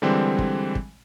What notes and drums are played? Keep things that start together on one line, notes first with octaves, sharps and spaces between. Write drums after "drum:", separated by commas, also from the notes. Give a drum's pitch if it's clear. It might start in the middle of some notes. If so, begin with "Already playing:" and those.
D3 E3 G3 G#3 C4
drum: kick
drum: kick